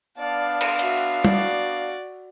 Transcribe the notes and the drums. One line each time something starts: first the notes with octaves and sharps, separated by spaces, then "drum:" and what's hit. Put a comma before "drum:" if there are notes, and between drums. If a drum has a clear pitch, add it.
B3 D4 D5 F5 A5
drum: cymbal
F#4 E5, drum: hi-hat
F#4 D5, drum: tom G3